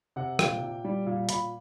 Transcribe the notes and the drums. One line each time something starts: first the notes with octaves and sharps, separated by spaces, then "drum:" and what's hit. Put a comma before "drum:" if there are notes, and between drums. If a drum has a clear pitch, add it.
C3 F#5
A#2 G5, drum: rim click
A#2
G3
A#2
A#2 B5, drum: hi-hat